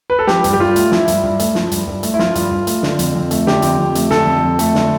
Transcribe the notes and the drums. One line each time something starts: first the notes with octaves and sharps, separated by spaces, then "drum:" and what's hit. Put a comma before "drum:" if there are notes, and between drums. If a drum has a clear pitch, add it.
B4
A4
F3 G4, drum: snare
G2, drum: hi-hat
G4
G2 F4
A3, drum: hi-hat
F3 E4, drum: snare
G2, drum: hi-hat
G2
A3, drum: hi-hat
F3, drum: snare
G2, drum: hi-hat
G2
A3, drum: hi-hat
E4
F3 F4, drum: snare
G2, drum: hi-hat
G2
A3, drum: hi-hat
D3, drum: snare
F2, drum: hi-hat
F2
A3, drum: hi-hat
D3 G4, drum: snare
F2, drum: hi-hat
F2
A3, drum: hi-hat
D3 A4, drum: snare
F2
F2
A3, drum: hi-hat
D3, drum: snare